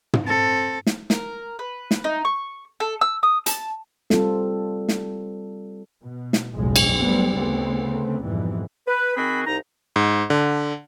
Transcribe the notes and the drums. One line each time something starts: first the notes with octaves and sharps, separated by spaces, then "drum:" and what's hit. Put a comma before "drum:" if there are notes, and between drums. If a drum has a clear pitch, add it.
drum: tom
C4 A4
drum: snare
A#4, drum: snare
B4
drum: snare
D#4
C#6
A4
E6
D#6
A5, drum: hi-hat
G3 C4 F4 A4, drum: snare
drum: snare
B2
drum: snare
F#1 B1 E2 A2 F3 G#3
drum: cymbal
F#3 G3 A3 B3 C4
D2 C#3 A3 B3 C4
F2 G#2 B2 E3 G3
B4
D#3 C4 F#4 G#4 B5
C2 D#4 A#5
G#2
D3